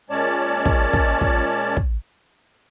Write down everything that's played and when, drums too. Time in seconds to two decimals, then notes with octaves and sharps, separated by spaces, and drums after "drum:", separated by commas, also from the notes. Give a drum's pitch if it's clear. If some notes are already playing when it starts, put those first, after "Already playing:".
0.10 A#2 G#3 C#4 C#5 D5 A5
0.65 drum: kick
0.93 drum: kick
1.21 drum: kick
1.77 drum: kick